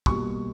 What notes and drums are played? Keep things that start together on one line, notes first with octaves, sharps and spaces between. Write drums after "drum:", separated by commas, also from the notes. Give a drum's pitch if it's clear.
B2 G3 A#3 C#6, drum: kick